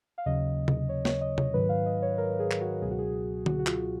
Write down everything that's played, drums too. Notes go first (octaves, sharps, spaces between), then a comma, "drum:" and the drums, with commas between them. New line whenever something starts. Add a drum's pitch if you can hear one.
F5
D#2 C#3 F#3 D#5
drum: tom C3
C#5
C#5, drum: snare
D#5
C#5, drum: tom C3
G#2 D#3 F#3 B4
F5
D#5
C#5
A#4
G#4
drum: clap
F#4
C#2 B2 F#3 G#4
F#4
G#4
F#4, drum: tom D3
F#4
F4, drum: clap